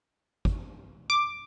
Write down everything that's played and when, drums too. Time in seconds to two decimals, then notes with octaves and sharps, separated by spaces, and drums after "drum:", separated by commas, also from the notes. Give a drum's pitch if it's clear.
0.45 drum: kick
1.10 D6